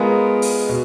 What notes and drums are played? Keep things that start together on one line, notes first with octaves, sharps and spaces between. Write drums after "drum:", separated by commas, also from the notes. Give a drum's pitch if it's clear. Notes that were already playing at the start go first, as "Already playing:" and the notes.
Already playing: G#3 B3 F4 A#4
drum: open hi-hat
B2